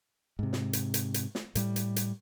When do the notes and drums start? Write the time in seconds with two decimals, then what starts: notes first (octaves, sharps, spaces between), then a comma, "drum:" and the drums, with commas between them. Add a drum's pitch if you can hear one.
0.39 G#2 C3
0.53 drum: snare
0.73 drum: hi-hat
0.94 drum: hi-hat
1.14 drum: hi-hat
1.35 drum: snare
1.55 A2 G3, drum: hi-hat
1.76 drum: hi-hat
1.96 drum: hi-hat